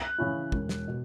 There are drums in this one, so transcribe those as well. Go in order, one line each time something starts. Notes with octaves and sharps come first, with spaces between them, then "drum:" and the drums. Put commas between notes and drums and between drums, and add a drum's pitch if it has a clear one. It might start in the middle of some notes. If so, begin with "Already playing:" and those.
Already playing: F#6
C#3 E3 C#4 E4
E1, drum: kick
drum: snare
B2